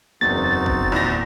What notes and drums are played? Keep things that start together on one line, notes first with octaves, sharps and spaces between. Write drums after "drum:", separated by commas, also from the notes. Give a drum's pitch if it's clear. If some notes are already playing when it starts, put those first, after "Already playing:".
F#1 E2 C4 D#4 F#4 A6
drum: kick
D#1 E2 E6 A#6